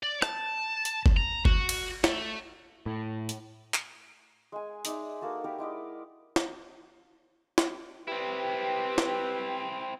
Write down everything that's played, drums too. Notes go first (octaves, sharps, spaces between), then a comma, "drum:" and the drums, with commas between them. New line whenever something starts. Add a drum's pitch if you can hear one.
D5
A5, drum: rim click
drum: hi-hat
drum: kick F#1
A#5
F#4, drum: kick F#1
drum: cymbal
A3, drum: snare
A2
drum: hi-hat
drum: clap
G#3 G#5
D#4 G#4 D5 E5, drum: hi-hat
A#3 F#4 A4
G4 A#4 B4 F#5
G#3 E4 D5 D#5
drum: snare
drum: snare
C4 E4 G4 B4 G5
drum: snare